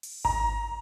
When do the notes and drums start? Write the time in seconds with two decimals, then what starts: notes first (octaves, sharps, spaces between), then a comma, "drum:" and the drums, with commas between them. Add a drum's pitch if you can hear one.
0.03 drum: open hi-hat
0.25 A#5, drum: kick G#1